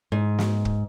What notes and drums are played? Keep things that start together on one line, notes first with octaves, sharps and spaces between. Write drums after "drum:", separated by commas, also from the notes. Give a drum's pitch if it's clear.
G#2
drum: snare
drum: kick